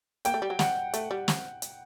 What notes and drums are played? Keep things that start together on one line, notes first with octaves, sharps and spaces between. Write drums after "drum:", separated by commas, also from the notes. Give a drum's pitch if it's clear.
A#3 G5, drum: hi-hat
A3
G3
F#3
G3 F#5, drum: snare
A3, drum: hi-hat
G3
drum: snare
drum: hi-hat